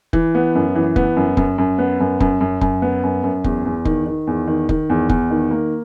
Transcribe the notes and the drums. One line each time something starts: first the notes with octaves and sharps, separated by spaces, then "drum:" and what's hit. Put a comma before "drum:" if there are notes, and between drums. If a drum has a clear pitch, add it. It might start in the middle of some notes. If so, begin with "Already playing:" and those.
E3, drum: kick F1
B3
F#2
E3
B3, drum: kick F1
F#2
F#2, drum: kick F1
F#2
B3
F#2
F#2, drum: kick F1
F#2
F#2, drum: kick F1
B3
F#2
F#2
E2, drum: kick F1
E2
D#3, drum: kick F1
D#3
E2
D#3
D#3, drum: kick F1
E2
E2, drum: kick F1
D#3
A#3